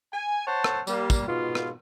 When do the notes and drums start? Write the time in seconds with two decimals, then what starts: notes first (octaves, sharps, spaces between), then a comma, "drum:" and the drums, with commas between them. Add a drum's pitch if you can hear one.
0.12 G#5
0.46 C5 C#5 F#5 A5
0.64 drum: rim click
0.87 G3 A#3, drum: tambourine
1.10 drum: kick, tambourine
1.27 G#2 B2 F4
1.55 drum: rim click